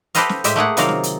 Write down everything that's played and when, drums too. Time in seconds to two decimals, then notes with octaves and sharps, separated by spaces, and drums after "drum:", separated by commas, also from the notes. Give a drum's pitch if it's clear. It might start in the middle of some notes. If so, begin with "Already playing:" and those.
0.15 G4 A4 B4 C5 D#5 F5, drum: hi-hat
0.29 drum: snare
0.44 A2 G#3 G4 E5, drum: hi-hat
0.56 A3 A#3 G#4 F#5
0.77 C3 D#3 F#3 A#3 F4 F5, drum: hi-hat
0.89 drum: snare
1.03 drum: hi-hat